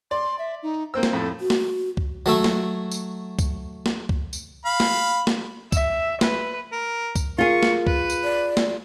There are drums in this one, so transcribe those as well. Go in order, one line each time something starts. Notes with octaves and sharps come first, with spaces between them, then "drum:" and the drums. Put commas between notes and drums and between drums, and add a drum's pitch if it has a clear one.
D5 C6
E5
D#4
A#3 C4 C5 E6
drum: snare
F2 A2 A3 A4
F#4
drum: snare
drum: kick C#2
F#3 A3 E5
drum: snare
drum: tambourine
drum: kick C#2, tambourine
drum: snare
drum: kick C#2
drum: tambourine
F5 B5
drum: snare
drum: snare
E5, drum: kick C#2, tambourine
B4, drum: snare
A#4
drum: kick C#2, tambourine
F4 G#4 A#4 C#6
drum: snare
B4, drum: kick C#2
drum: tambourine
D5
drum: snare